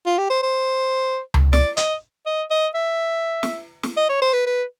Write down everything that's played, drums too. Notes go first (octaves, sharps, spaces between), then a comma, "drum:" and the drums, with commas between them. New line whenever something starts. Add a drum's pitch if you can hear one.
F4
G4
C5
C5
drum: tom C#2
D5, drum: snare
D#5, drum: hi-hat
D#5
D#5
E5
drum: snare
drum: snare
D#5
C#5
C5
B4
B4